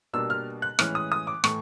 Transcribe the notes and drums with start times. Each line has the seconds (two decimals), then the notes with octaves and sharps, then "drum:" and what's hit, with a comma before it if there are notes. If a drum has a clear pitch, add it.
0.13 B2 G3 A#3 D4 E6
0.30 F6
0.62 F#6
0.79 A2 E3 G#3 C#4 F6, drum: rim click
0.95 D#6
1.12 D#6
1.27 D6
1.44 A2 E3 A3 C#6, drum: rim click